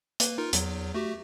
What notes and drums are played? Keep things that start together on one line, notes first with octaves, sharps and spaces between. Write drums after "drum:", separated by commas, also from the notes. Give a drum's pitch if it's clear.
A#3 B4, drum: hi-hat
D#4 F4 A#4
E2 F#3, drum: hi-hat
A3 F#4 G4